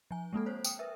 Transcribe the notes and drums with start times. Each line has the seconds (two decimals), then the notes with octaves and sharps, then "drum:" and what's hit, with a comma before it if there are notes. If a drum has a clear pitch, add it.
0.11 F3 G#5
0.33 G#3 A#3 C4 A4
0.46 C5 C#5
0.64 G5 D#6, drum: tambourine
0.79 A#4 B4 E5